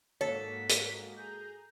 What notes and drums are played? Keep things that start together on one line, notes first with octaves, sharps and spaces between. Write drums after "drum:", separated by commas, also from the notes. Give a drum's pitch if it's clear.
G#2 A#3 F#4 A4 C#5 B6
drum: hi-hat
G#4 A#5 G6